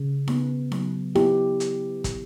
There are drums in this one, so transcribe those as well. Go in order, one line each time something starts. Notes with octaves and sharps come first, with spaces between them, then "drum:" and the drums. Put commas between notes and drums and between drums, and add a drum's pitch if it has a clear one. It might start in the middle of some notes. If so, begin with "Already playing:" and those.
Already playing: C#3
B3, drum: snare D#4
F#3, drum: snare D#4
B3 E4 G4, drum: snare D#4
drum: hi-hat
drum: kick, hi-hat